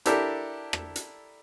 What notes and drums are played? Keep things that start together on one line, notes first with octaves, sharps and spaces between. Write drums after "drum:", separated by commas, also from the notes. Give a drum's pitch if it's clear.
D4 E4 G4 A4 A#4, drum: hi-hat
drum: rim click
drum: hi-hat